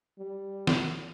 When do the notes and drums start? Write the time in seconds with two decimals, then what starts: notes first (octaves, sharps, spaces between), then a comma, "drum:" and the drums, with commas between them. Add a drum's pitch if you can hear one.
0.18 G3
0.67 drum: snare